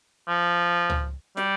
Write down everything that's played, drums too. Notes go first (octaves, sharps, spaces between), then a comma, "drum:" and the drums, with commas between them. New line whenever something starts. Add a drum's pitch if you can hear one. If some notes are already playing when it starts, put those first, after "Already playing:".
F3
drum: tom
G3, drum: snare